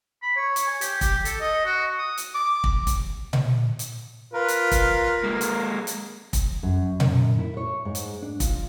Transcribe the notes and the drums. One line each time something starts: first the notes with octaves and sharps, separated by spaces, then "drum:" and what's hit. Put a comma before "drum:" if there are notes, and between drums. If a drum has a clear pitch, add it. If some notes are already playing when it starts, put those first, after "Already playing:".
B5
C#5
drum: hi-hat
G#5
G4, drum: hi-hat
G4, drum: kick, hi-hat
A4, drum: hi-hat
D#5
F#4
D#6
drum: hi-hat
D6
drum: kick
drum: kick, hi-hat
drum: tom A#2
drum: hi-hat
F4 A#4 B4
drum: hi-hat
drum: kick, hi-hat
G#3 A#3
drum: hi-hat
drum: hi-hat
drum: kick, hi-hat
F#2
F#2, drum: tom A#2
E4
C#5
G#2
drum: hi-hat
D4
F4, drum: kick, hi-hat